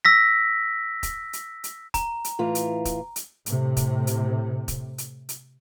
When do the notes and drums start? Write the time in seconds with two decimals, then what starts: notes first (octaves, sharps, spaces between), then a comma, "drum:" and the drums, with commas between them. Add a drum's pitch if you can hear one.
0.05 E6 A#6 B6
1.03 drum: kick, hi-hat
1.33 drum: hi-hat
1.64 drum: hi-hat
1.94 A#5, drum: kick, hi-hat
2.24 drum: hi-hat
2.39 A2 E3 F4
2.55 drum: hi-hat
2.85 drum: kick, hi-hat
3.16 drum: hi-hat
3.46 A2 C3, drum: hi-hat
3.77 drum: kick, hi-hat
4.07 drum: hi-hat
4.68 drum: kick, hi-hat
4.98 drum: hi-hat
5.29 drum: hi-hat